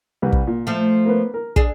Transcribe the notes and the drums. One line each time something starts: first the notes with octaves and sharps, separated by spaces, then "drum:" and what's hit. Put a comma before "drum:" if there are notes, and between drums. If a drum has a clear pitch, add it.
C2 G3 B4
drum: kick
A#2
F3 A3
A#3 B3 B4
A#4
D4 G#4, drum: kick